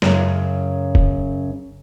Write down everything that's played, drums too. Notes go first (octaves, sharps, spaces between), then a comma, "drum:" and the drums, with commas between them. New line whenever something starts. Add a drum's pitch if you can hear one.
F#2 C#3, drum: snare
drum: kick E1